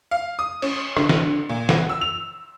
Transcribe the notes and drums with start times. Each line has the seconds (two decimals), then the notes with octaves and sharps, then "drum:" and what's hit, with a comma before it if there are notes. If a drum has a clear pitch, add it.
0.11 F5
0.39 D#6
0.62 C#4, drum: cymbal
0.97 D3, drum: rim click
1.09 drum: snare
1.49 A#2
1.69 F#5, drum: snare
1.89 E6
2.01 F7